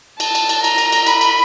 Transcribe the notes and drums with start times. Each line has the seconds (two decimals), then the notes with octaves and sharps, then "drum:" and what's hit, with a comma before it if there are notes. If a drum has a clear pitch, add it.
0.20 A5, drum: cymbal
0.35 drum: cymbal
0.49 drum: cymbal
0.64 A#5, drum: cymbal
0.78 drum: cymbal
0.92 drum: cymbal
1.07 B5, drum: cymbal
1.21 drum: cymbal